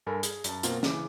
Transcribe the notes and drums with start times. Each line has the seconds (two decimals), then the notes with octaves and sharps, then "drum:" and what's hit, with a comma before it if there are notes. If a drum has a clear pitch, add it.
0.07 G2 A4 A#4 G#5 B5 A#6
0.23 G#4, drum: hi-hat
0.44 F#2 A5, drum: hi-hat
0.63 B2 A#3 C4 F4 A#4, drum: hi-hat
0.83 C#3 E3 D6, drum: snare